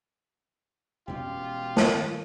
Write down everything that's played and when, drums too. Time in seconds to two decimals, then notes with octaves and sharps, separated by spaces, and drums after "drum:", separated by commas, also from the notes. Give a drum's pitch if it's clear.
1.08 E1 B2 C#4 F4 G4
1.77 drum: snare